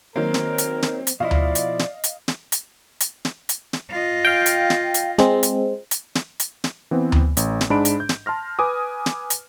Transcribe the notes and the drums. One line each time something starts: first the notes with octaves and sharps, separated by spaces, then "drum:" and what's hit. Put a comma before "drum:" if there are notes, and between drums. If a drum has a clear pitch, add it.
D#3 F#3 A#3 C4 A#4
drum: snare
drum: hi-hat
drum: snare
drum: hi-hat
B2 F3 E4 D5 D#5 F5
drum: tom D2
drum: hi-hat
drum: snare
drum: hi-hat
drum: snare
drum: hi-hat
drum: hi-hat
drum: snare
drum: hi-hat
drum: snare
F4 D#5
F5 G5
drum: hi-hat
drum: snare
drum: hi-hat
G#3 C4, drum: snare
drum: hi-hat
drum: hi-hat
drum: snare
drum: hi-hat
drum: snare
E3 B3 C4
drum: tom D2
A1, drum: hi-hat
drum: snare
G#2 D4 G#4 B5 D7
drum: hi-hat
G6
drum: snare
A5 C6 F6 A#6
B4 G#5 D6 D#6
drum: snare
drum: hi-hat